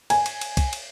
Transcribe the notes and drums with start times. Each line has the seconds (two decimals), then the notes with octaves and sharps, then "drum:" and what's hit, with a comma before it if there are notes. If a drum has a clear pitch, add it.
0.10 G#5, drum: cymbal
0.26 drum: cymbal
0.41 drum: cymbal
0.57 drum: kick, cymbal
0.73 drum: cymbal